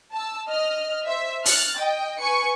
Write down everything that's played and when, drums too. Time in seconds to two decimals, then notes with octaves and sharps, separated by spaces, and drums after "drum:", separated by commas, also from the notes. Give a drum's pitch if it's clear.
0.13 A5 E6
0.49 D#5 F6
1.05 C5 E5
1.46 F6 F#6 A6, drum: open hi-hat
1.78 D#5 G5
2.20 B4 G#5 C#6 C#7